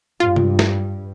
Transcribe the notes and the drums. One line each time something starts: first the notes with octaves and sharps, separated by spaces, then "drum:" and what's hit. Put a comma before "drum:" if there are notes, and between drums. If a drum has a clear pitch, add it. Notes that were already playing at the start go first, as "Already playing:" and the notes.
G2 F4
drum: tom C3
drum: snare